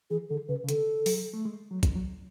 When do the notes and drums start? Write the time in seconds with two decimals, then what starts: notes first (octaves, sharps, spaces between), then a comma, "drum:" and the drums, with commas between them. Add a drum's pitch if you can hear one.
0.10 E3 G#4
0.29 D3 A4
0.48 C#3 B4
0.64 C#3
0.69 D3 A4, drum: hi-hat
1.06 F#3, drum: open hi-hat
1.33 A3
1.45 G#3
1.71 F#3
1.83 drum: kick, hi-hat
1.95 F#3